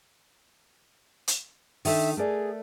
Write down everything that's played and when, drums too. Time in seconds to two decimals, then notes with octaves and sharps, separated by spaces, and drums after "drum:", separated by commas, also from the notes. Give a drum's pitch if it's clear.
1.28 drum: hi-hat
1.85 D#3 D4 A4 E5, drum: open hi-hat
2.17 A3 G#4 A#4 D5